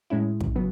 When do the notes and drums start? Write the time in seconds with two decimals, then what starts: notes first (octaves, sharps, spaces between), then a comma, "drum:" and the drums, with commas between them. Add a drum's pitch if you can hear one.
0.10 A2 G#3 C#4 E4
0.41 drum: kick
0.56 C#3 F#3 B3